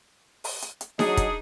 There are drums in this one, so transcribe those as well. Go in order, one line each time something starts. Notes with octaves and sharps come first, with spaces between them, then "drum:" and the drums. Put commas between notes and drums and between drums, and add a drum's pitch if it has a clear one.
drum: open hi-hat
drum: hi-hat
drum: hi-hat
F#3 D4 D#4 G#4 D#5, drum: snare D#4
drum: kick, hi-hat